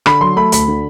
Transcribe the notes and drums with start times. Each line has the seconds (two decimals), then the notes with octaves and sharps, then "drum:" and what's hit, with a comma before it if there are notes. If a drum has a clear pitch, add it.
0.06 D3 B5, drum: rim click
0.21 F#3 C6
0.36 A3 B5
0.52 D2 B5, drum: hi-hat
0.68 D3